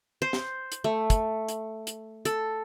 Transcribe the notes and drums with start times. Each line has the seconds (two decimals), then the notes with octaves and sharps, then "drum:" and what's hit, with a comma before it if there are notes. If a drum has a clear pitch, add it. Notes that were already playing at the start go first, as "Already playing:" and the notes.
0.22 C5
0.33 drum: snare
0.72 drum: hi-hat
0.84 A3
1.10 drum: kick, hi-hat
1.48 drum: hi-hat
1.87 drum: hi-hat
2.25 A4, drum: hi-hat